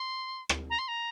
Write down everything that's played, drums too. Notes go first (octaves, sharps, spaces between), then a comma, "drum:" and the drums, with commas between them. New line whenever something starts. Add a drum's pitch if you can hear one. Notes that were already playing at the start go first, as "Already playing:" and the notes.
Already playing: C6
drum: rim click
A#5
C6
A#5